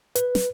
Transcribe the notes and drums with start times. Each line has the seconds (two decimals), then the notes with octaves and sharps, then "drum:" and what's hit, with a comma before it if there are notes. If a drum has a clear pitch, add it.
0.15 B4, drum: hi-hat
0.35 drum: snare